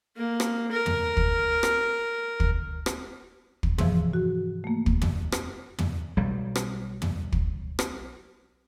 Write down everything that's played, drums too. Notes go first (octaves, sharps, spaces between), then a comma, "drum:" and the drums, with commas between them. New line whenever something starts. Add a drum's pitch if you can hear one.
A#3
drum: rim click
A#4
drum: tom
drum: kick
drum: rim click
drum: kick
drum: rim click
drum: kick
G#2 C3 E3 F3, drum: tom
F#4
A3 A#3
drum: kick
drum: tom
drum: rim click
drum: tom
B1 F#3 G3
drum: rim click
drum: tom
drum: kick
drum: rim click